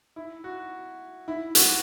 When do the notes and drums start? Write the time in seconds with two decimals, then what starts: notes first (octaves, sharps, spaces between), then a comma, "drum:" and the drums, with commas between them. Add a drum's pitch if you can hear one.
0.16 E4
0.44 F#4
1.28 E4
1.55 F#4, drum: hi-hat